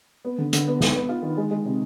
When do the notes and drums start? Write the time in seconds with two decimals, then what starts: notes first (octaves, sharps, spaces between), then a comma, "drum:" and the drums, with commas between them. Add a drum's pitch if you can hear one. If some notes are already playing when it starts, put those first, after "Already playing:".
0.25 B3
0.38 D3
0.53 D3, drum: hi-hat
0.67 B3
0.81 B3, drum: snare
0.95 B3
1.09 F4
1.23 D#3
1.37 G#3
1.51 G#3
1.65 C3